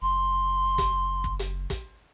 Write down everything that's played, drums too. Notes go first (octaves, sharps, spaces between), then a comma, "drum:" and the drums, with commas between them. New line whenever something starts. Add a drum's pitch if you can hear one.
F#1 C6
drum: kick, hi-hat
drum: kick
drum: hi-hat
drum: kick, hi-hat